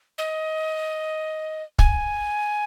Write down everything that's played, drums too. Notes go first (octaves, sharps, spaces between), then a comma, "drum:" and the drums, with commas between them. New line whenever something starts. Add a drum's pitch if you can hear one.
D#5
G#5, drum: kick